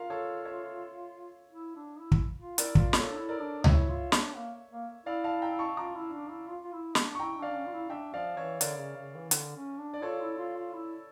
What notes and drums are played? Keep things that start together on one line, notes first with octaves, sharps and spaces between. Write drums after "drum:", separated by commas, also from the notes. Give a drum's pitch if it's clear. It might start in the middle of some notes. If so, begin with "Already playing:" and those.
Already playing: F4 A#4 F5
A4 C#5
C#5 E5
E4
D4
E4
drum: kick
F4
E4 A#4 D5, drum: hi-hat
F4, drum: kick
F4 A4 C#5, drum: snare
D4
E4
A#4 D5
D4
E4 C#5 E5, drum: tom C#2
F4
D4, drum: snare
A#3
A#3
E4 D5 F5
F5 A5
G5 A#5
A5 C#6
F4 A#5 D6
E4
D4
E4
F4
F4
E4
D4, drum: snare
C#6
E4 G5 A#5
D4
D5 F5
D4
C#4
F4
E4
D4 E5 G5
F3 D5 F5
E3 C#5 E5
D3 A#4 D5, drum: hi-hat
C#3
C#3
E3
D3, drum: hi-hat
C#4
D4
D5
F4 A4 C#5
E4
F4
F4
E4